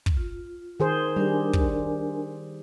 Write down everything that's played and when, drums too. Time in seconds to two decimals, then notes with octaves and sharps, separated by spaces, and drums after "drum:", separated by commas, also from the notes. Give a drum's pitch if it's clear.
0.06 drum: kick
0.17 F4
0.80 D#3 G#4 C5
1.16 G3 D4 A#4 G#5
1.53 drum: kick